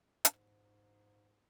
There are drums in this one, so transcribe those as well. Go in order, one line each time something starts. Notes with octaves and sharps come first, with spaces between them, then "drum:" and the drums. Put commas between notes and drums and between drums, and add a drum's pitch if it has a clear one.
G#2, drum: hi-hat